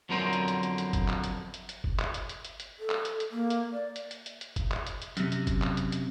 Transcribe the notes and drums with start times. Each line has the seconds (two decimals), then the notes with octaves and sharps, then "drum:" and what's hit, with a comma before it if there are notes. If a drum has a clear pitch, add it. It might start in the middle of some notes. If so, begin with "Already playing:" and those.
0.09 F2 D3 F#3 B3 A#4 C5
0.33 drum: hi-hat
0.48 drum: hi-hat
0.63 drum: hi-hat
0.78 drum: hi-hat
0.93 drum: kick F#1, hi-hat
1.08 drum: clap
1.24 drum: hi-hat
1.54 drum: hi-hat
1.69 drum: hi-hat
1.84 drum: kick F#1
1.99 drum: clap
2.14 drum: hi-hat
2.29 drum: hi-hat
2.45 drum: hi-hat
2.60 drum: hi-hat
2.79 A4
2.90 drum: clap
3.05 drum: hi-hat
3.20 drum: hi-hat
3.31 A#3
3.50 drum: hi-hat
3.73 D5
3.96 drum: hi-hat
4.11 drum: hi-hat
4.26 drum: hi-hat
4.41 drum: hi-hat
4.56 drum: kick F#1, hi-hat
4.71 drum: clap
4.87 drum: hi-hat
5.02 drum: hi-hat
5.17 F#2 C3, drum: hi-hat
5.32 drum: hi-hat
5.47 drum: kick F#1, hi-hat
5.62 drum: clap
5.77 drum: hi-hat
5.92 drum: hi-hat